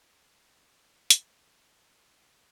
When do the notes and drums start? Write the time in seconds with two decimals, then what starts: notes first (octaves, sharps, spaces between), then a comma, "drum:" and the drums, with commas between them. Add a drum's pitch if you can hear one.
0.20 F2
0.33 E2
0.51 A3
0.90 E3
1.10 A3, drum: hi-hat
1.40 B3
1.57 D#2
1.73 D#3
1.89 A#2
2.12 C2